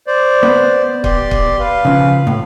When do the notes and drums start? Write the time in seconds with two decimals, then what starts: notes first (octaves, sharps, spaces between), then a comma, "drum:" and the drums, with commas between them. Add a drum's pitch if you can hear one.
0.07 C5 D5
0.43 B3
1.04 G4 D5 C6, drum: kick
1.31 drum: kick
1.59 B4 F5
1.85 C#3 F3
2.27 A2